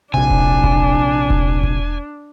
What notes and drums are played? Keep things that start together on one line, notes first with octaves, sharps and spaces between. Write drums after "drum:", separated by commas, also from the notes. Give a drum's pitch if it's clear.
A#1 C3 D4 G#5
drum: kick E1
drum: kick E1
drum: kick E1
drum: kick E1